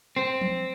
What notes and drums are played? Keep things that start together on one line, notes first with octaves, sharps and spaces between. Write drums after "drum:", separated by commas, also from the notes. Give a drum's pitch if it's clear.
C4
drum: tom